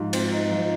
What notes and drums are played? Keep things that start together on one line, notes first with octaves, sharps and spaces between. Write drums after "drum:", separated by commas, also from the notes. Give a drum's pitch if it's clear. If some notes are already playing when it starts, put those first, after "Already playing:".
Already playing: G#2 F3
C4, drum: cymbal
D#4
F3